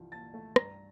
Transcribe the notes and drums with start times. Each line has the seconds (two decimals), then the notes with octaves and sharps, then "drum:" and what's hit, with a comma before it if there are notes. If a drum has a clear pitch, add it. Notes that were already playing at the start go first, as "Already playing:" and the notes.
Already playing: C2 E3 F3
0.12 A#2 A5 A6
0.34 A3
0.56 G2 A#5 A#6, drum: rim click